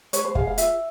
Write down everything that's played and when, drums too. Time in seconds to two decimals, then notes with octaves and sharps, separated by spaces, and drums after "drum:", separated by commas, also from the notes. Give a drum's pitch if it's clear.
0.13 B4 C#5, drum: hi-hat
0.25 C5
0.35 G#4 F5, drum: kick
0.47 F5
0.58 F4 E5, drum: hi-hat